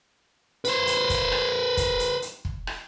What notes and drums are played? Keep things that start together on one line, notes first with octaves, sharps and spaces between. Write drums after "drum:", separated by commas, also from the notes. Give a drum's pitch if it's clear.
B4 C5, drum: hi-hat
drum: hi-hat
drum: kick, hi-hat
drum: rim click
drum: kick, hi-hat
drum: hi-hat
drum: hi-hat
drum: kick
drum: rim click